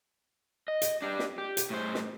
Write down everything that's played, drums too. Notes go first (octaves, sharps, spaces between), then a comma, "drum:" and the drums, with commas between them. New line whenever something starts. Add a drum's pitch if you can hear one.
D#5
drum: hi-hat
D4 G4
drum: snare
G4
drum: hi-hat
A2 C5
drum: snare